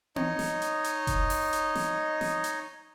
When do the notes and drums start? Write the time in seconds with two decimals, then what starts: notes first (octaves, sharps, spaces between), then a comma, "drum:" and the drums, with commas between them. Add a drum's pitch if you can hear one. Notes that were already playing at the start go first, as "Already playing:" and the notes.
0.16 D#4 C#5 D#5, drum: tom B3
0.39 drum: snare
0.62 drum: hi-hat
0.84 drum: hi-hat
1.07 drum: kick F1, hi-hat
1.30 drum: open hi-hat
1.53 drum: hi-hat
1.75 drum: snare
2.21 drum: snare
2.44 drum: hi-hat